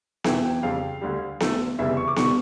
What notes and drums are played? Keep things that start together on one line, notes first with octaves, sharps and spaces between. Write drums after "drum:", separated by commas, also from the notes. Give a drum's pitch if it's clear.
E1 E2 E3 G5, drum: snare B3
G5
F2 C#3 G3 F5
D2 D3 G3
E2 D3 A3, drum: snare B3
F1 E2 C#3 E3 G3 E5
C#6
D6
E1 D3 G3 C#6, drum: snare B3